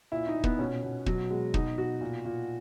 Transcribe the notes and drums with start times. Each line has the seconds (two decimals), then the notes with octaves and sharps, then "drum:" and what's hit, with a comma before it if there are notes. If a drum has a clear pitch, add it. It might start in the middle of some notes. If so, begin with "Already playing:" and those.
0.12 A#2 E4
0.28 D#4
0.35 A#2
0.44 B3, drum: kick
0.59 B2 C#4
0.83 B2
1.06 B2 F#3, drum: kick
1.30 B2 G#3
1.54 B2 D#4, drum: kick
1.78 B2 F#4
2.01 A#2
2.25 A#2